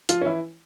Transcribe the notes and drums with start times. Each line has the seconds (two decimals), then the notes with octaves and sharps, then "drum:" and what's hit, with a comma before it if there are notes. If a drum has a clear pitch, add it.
0.09 F3 F4, drum: hi-hat
0.21 C#4
0.25 E3 E4